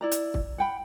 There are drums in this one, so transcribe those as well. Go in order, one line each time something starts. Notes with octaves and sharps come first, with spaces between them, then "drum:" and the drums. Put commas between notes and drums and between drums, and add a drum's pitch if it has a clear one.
E4 D5 A#5
drum: hi-hat
drum: kick
F#5 G5 B5